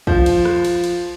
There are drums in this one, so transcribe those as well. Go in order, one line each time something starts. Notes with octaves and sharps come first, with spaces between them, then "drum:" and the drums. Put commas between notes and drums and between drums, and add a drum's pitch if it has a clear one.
F3, drum: kick
drum: cymbal
drum: rim click
drum: cymbal
drum: cymbal